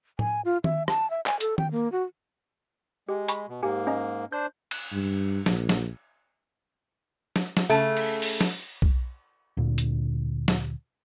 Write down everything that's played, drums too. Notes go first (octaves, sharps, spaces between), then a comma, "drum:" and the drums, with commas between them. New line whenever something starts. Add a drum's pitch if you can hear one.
G#5, drum: tom A2
F4
E5, drum: tom D#3
A5, drum: rim click
E5
G#5, drum: clap
A4, drum: hi-hat
G5, drum: tom D#3
A#3
F#4
G#3 G4
G#5 B5 C#6, drum: hi-hat
B2
G#2 A#3 G4 G#5
C#4 D#5 A#5
D4 C5 G6
drum: cymbal
G2
A#1, drum: snare
drum: snare
drum: snare
drum: snare
C#3 A3
drum: cymbal
drum: open hi-hat
drum: snare
drum: kick B1
D2 A#2 D3
drum: hi-hat
drum: snare